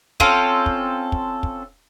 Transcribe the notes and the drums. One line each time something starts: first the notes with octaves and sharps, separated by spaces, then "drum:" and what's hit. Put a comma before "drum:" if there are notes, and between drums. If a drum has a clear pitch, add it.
C4 C#4 F4 A4, drum: kick
drum: kick
drum: kick
drum: kick